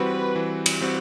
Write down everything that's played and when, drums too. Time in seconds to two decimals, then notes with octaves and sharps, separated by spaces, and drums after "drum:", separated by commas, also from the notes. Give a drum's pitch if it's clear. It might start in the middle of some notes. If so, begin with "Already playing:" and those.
Already playing: E3 G3 C4 F#4 B4
0.36 E3
0.66 drum: cymbal
0.81 G3 C4 F#4